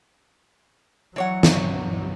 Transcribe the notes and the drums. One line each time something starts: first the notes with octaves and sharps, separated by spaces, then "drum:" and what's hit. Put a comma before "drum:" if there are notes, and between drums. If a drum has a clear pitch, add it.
E3 F#3 C#5 F#5
drum: snare